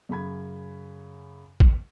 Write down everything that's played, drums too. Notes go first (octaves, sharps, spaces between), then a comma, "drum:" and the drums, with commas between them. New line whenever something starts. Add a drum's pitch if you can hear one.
F#2 C#3 B5 G#6
drum: kick A1